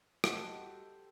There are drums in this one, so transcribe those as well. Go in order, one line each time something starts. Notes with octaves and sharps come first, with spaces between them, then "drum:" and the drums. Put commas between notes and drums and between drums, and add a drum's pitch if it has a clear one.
G3 F#4 G4 A4 C5 D#5, drum: rim click